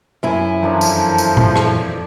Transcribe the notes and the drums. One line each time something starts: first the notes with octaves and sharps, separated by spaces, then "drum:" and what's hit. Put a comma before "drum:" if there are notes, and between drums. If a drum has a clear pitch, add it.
F#2 E4 E5 G#5 C6
F2 E3 F3 D4 A4 A#4
drum: tambourine
drum: tambourine
drum: tom A#2
drum: rim click